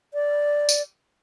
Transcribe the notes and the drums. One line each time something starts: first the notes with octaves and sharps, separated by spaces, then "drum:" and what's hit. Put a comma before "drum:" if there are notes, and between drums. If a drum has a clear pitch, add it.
D5
drum: tambourine